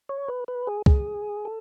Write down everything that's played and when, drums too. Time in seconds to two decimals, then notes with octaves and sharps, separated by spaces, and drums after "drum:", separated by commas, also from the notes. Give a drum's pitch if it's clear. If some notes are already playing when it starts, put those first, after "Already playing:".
0.09 C#5
0.28 B4
0.48 B4
0.67 G#4
0.86 G#4, drum: kick C2
1.45 A4